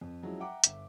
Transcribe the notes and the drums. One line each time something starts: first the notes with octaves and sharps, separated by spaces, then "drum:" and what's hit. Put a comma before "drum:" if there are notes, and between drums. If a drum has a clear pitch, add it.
F2
F3 F#3 G#3 C#4 E4
E5 F#5 G5 A#5 D6
G1 E5, drum: hi-hat